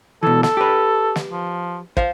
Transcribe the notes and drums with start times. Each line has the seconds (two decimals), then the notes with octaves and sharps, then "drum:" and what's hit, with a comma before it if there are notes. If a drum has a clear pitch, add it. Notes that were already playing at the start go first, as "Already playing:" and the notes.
0.23 B2 E3 A4
0.43 A4, drum: snare
0.57 G4 B4
1.16 drum: snare
1.30 F3
1.97 C5 F5, drum: kick